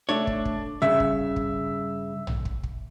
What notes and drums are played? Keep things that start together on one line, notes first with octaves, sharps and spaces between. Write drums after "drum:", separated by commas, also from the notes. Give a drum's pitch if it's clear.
A3 D4 C#5
drum: kick
drum: kick
G2 C#3 E5
drum: kick
drum: kick
drum: tom A#1
drum: kick
drum: kick